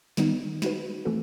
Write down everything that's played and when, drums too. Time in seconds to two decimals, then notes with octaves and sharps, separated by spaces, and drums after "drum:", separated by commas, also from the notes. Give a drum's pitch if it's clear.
0.17 D#3 G3 B3 D#4, drum: snare
0.62 G3 D#4 F#4 B4, drum: snare
1.05 E3 A3 C4 F#4 A4